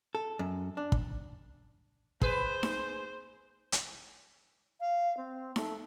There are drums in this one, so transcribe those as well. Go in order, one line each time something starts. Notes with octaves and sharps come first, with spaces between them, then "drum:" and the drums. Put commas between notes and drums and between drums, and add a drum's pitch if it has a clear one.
A4
F#2
D4
drum: kick
G#4 B4 C5, drum: kick
drum: snare D#4
drum: hi-hat
F5
C4
A3, drum: snare D#4